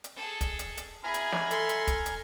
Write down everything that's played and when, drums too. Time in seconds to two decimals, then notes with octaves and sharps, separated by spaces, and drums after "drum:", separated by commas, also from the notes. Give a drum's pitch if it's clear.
0.04 drum: hi-hat
0.15 G#4 A4
0.41 drum: kick, hi-hat
0.59 drum: hi-hat
0.77 drum: hi-hat
1.04 B2 E4 G#4 G#5 A#5 B5 F6
1.14 drum: hi-hat
1.32 drum: snare
1.51 A4 C6, drum: hi-hat
1.69 drum: hi-hat
1.87 drum: kick, hi-hat
2.06 drum: hi-hat